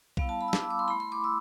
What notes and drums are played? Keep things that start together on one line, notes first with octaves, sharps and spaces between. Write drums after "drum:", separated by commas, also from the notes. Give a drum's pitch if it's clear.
G3 B3 E4 F5, drum: kick
A5
B5
E6
D6, drum: snare
E6
D6
C6
A3 E4 B5
C6
D6
E6